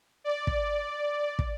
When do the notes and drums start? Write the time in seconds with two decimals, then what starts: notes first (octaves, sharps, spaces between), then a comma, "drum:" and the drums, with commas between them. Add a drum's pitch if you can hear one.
0.24 D5
0.47 drum: kick
1.39 drum: kick